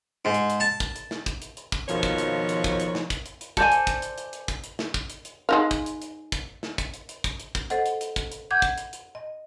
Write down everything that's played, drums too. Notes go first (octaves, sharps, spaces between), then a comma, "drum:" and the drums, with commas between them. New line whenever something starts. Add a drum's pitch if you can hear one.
G#2
drum: hi-hat
drum: hi-hat
A5
drum: kick, hi-hat
drum: hi-hat
drum: snare
drum: kick, hi-hat
drum: hi-hat
drum: hi-hat
drum: kick, hi-hat
F2 B2 D#3 F3 C#5, drum: hi-hat
drum: kick, hi-hat
drum: hi-hat
drum: hi-hat
drum: kick, hi-hat
drum: hi-hat
drum: snare
drum: kick, hi-hat
drum: hi-hat
drum: hi-hat
A4 C5 D5 G#5, drum: kick, hi-hat
drum: hi-hat
drum: kick, hi-hat
drum: hi-hat
drum: hi-hat
drum: hi-hat
drum: kick, hi-hat
drum: hi-hat
drum: snare
drum: kick, hi-hat
drum: hi-hat
drum: hi-hat
G#3 D#4 F5
drum: kick, hi-hat
drum: hi-hat
drum: hi-hat
drum: kick, hi-hat
drum: snare
drum: kick, hi-hat
drum: hi-hat
drum: hi-hat
drum: kick, hi-hat
drum: hi-hat
drum: kick, hi-hat
A4 C5 D#5 F#5, drum: hi-hat
drum: hi-hat
drum: hi-hat
drum: kick, hi-hat
drum: hi-hat
F#5 D6 G6 G#6
drum: kick, hi-hat
drum: hi-hat
drum: hi-hat
D#5